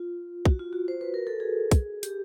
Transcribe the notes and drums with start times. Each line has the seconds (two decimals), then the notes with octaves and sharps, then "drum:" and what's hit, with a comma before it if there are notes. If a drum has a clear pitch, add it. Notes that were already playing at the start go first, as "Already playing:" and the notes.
Already playing: F4
0.45 F#4, drum: kick
0.59 F4
0.73 F#4
0.88 C5
1.01 B4
1.14 A#4
1.27 A4
1.40 G#4
1.71 drum: kick, hi-hat
2.03 G4, drum: hi-hat